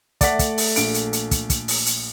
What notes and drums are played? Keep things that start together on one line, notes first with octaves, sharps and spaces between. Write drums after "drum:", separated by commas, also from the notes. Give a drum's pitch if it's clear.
A3 D5 F#5 B6, drum: kick, hi-hat
drum: kick, hi-hat
drum: open hi-hat
A#1 D7, drum: hi-hat
drum: hi-hat
drum: hi-hat
drum: kick, hi-hat
drum: kick, hi-hat
drum: open hi-hat
drum: hi-hat